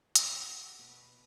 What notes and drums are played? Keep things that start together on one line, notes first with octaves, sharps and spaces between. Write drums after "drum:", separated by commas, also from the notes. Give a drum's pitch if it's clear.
F#4, drum: hi-hat
B2 B4